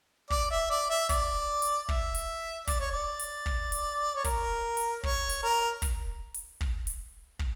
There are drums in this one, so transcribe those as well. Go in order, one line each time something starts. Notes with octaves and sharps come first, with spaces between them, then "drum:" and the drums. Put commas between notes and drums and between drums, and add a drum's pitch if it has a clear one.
D5, drum: kick
E5
D5
E5
D5, drum: kick, hi-hat
drum: hi-hat
E5, drum: kick
drum: hi-hat
D5, drum: kick, hi-hat
C#5
D5
drum: hi-hat
drum: kick
drum: hi-hat
C#5
A#4, drum: kick, hi-hat
drum: hi-hat
C#5, drum: kick
drum: hi-hat
A#4
drum: kick, hi-hat
drum: hi-hat
drum: kick
drum: hi-hat
drum: kick